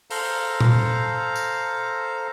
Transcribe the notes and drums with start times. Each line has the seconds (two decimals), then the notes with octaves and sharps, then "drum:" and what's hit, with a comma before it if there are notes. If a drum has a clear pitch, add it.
0.11 A4 C5 F5 A#5, drum: open hi-hat
0.60 drum: tom A#2
1.36 drum: tambourine